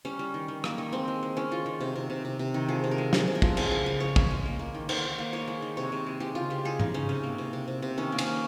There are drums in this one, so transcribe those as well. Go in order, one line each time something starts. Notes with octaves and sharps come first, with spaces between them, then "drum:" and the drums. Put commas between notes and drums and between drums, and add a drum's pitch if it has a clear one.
G3 C#4
G3
D#3
D#3
A#3, drum: rim click
D#3
G#3 C4
G#3
G#3
G#3 C#4
D#3 F4
D#3
C3
C3
C3
C3
C3
D#3
F3 G#4
C3
A#4
G#3
C3 G#4, drum: snare
C3
A#4
F3, drum: kick
G#3 G#4, drum: cymbal
C#3 D#5
C#3 G#5
C#3 C#5
C#3, drum: kick
G#3
A#3
A#3
D#3
D#3 C5, drum: cymbal
D#3
A#3
G#3 C#5
G#3
D#3
C3 C#5
C3
G#3
G#3 G4
C#3 F4
C#3 G4
G#3 G#4
C#3 D#4, drum: tom G#2
C#3 C#4
C3 C#4
A#3
C3
C3
C3
C3
D#3 C#4
A#3
C#4, drum: cymbal
A#3